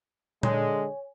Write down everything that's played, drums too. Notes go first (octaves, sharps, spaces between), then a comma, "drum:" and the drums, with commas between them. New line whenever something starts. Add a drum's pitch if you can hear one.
D3 G#3 C#5 G#5, drum: tom A#2